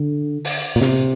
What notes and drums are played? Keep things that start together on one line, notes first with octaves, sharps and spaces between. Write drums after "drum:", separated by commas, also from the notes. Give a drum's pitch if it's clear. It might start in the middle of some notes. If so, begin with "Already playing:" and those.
Already playing: D3
drum: open hi-hat
A#2
C3, drum: snare